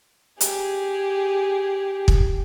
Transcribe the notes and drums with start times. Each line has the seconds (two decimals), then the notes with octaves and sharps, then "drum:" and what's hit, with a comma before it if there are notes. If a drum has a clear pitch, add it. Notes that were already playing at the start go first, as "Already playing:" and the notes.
0.41 G4 G#4, drum: hi-hat
2.08 drum: kick